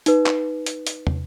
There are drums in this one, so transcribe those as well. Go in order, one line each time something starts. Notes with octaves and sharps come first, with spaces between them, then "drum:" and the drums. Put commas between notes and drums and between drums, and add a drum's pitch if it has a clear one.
D#4 B4, drum: hi-hat
drum: clap
drum: hi-hat
drum: hi-hat
drum: tom